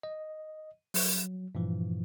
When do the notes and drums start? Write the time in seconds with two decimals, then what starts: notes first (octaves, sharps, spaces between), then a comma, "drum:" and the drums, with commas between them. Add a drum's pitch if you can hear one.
0.03 D#5
0.94 F#3, drum: open hi-hat
1.55 G2 A#2 E3 F3